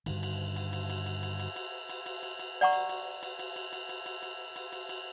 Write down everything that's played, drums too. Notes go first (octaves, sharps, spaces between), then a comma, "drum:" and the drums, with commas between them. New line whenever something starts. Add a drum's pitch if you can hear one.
G2 D3 D#3, drum: cymbal
drum: cymbal
drum: cymbal
drum: cymbal
drum: cymbal
drum: cymbal
drum: cymbal
drum: cymbal
drum: cymbal
drum: cymbal
drum: cymbal
drum: cymbal
drum: cymbal
D5 F#5 A#5 C#6
drum: cymbal
drum: cymbal
drum: cymbal
drum: cymbal
drum: cymbal
drum: cymbal
drum: cymbal
drum: cymbal
drum: cymbal
drum: cymbal
drum: cymbal
drum: cymbal